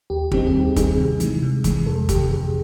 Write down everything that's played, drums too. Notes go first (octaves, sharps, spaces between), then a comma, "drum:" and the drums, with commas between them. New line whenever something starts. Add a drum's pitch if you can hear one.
D#2 G4
D#3 G3 C4 D#4 G4, drum: kick
G#4
D#2 G4
G4
D#3 G3 C4 D#4 G#4, drum: kick, hi-hat
G#4
C3
E3 G#3, drum: hi-hat
C3
E3 G#3, drum: kick, hi-hat
F2 A4
C3 D#3 G4, drum: kick, hi-hat
F2 G#4